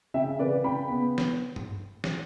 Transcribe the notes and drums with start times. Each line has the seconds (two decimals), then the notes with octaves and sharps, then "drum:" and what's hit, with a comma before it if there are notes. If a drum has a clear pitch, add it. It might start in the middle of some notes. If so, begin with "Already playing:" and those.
0.14 C#3 E5 G5
0.39 C#3 B4 D5
0.64 C#3 G5 B5
0.90 B3
1.18 drum: snare
1.56 drum: tom G2
2.04 drum: snare